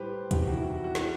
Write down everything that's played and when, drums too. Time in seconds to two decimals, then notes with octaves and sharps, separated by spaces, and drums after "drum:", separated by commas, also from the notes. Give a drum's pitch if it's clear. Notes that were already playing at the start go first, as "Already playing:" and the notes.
Already playing: A2 G3 G4 B4 C5
0.31 E2 C3 D#3 G4, drum: kick, hi-hat
0.42 F#4
0.52 E4
0.63 F#4
0.84 F#4
0.95 E3 A3 F#4, drum: snare